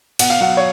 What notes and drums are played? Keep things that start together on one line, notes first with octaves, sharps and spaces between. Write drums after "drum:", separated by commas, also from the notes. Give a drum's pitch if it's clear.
B2 F#5, drum: cymbal
F5
F#3 F#5
C#5